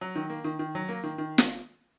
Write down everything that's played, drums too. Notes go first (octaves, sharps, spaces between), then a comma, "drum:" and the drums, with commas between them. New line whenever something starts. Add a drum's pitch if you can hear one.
F#3
D#3
A#3
D#3
D#3
F#3
A#3
D#3
D#3
drum: snare